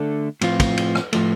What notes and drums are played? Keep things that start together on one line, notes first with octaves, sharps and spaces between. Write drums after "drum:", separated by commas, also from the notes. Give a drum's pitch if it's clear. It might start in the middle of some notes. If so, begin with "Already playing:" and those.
Already playing: D3 A3 D4 A4
A2 F3 C4 F4, drum: cymbal
drum: kick, cymbal
drum: cymbal
drum: rim click
A2 F3 A3, drum: cymbal